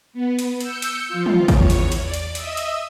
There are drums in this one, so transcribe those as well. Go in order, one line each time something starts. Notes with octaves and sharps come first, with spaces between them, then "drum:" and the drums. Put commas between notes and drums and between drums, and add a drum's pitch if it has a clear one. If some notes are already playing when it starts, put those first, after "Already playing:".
B3
drum: hi-hat
E6 G6 C#7, drum: hi-hat
drum: hi-hat
F3 F4
drum: tom
E2 C#5, drum: kick, hi-hat
drum: hi-hat
drum: hi-hat
D5
drum: hi-hat
D#5 E5 D#6 E6, drum: hi-hat
drum: hi-hat